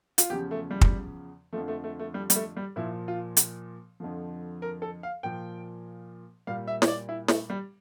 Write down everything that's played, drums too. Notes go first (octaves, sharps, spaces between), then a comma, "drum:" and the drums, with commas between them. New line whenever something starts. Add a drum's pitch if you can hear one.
F4, drum: hi-hat
E2 C#3 F3 G4
A3
G3
drum: kick
F2 D3 F3 A3
A3
A3
A3
G3
G3, drum: hi-hat
A3
G3
A#2 F3 E4
F4
drum: hi-hat
F2 D3 F3
A#4
A4
F5
A#2 F3 G5
A#2 G3 F5
E5
C#5, drum: snare
D5
E4
A3, drum: snare
G3